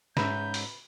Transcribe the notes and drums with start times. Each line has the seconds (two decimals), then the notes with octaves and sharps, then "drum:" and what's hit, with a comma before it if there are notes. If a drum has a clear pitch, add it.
0.17 G#2 C#4 B4 E5 A#5 G6, drum: snare
0.54 drum: open hi-hat